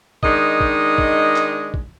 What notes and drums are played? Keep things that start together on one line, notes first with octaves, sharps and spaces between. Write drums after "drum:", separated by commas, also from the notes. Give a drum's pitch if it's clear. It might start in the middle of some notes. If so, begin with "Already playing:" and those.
D#3 G#3 D4 D#4 D#5, drum: kick
drum: kick
drum: kick
drum: clap
drum: kick